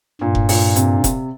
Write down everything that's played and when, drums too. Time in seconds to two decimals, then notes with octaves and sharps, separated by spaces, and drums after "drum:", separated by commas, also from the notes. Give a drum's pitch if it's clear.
0.21 G2 A#2
0.35 drum: kick F1
0.49 A#2, drum: open hi-hat
0.76 C3, drum: hi-hat
1.04 C3, drum: kick F1, hi-hat